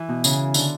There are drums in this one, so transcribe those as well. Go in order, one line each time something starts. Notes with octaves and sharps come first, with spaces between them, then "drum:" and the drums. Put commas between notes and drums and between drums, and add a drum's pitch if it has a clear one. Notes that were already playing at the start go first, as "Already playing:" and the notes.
Already playing: E3
B2
C#3, drum: tambourine
D3, drum: tambourine